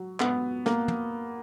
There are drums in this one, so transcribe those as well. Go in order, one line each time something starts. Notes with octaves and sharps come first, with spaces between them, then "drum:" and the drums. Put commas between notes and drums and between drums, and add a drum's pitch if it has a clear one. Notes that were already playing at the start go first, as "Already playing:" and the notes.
Already playing: F#3
B3, drum: clap
A#3, drum: snare
drum: tom